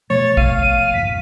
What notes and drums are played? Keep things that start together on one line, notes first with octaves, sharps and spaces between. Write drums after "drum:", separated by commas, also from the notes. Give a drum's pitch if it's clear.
B2 F3 A3 C#5 A6
F5 D#7, drum: kick
G1 E2 A#2 B6